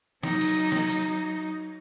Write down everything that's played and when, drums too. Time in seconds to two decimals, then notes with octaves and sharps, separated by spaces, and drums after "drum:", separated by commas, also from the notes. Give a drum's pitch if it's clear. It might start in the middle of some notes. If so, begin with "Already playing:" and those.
0.23 F#3 D#4, drum: snare
0.41 drum: cymbal
0.72 drum: snare
0.90 drum: tambourine